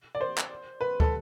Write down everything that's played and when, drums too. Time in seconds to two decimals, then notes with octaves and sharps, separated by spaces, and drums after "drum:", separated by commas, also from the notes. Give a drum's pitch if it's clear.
0.15 D5
0.21 C5
0.38 drum: clap
0.81 B4
1.00 A4, drum: kick